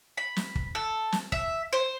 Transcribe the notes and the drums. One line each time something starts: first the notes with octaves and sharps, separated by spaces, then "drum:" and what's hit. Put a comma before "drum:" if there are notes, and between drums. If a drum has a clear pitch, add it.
B5
drum: snare
drum: kick
A4
drum: snare
E5, drum: kick
C5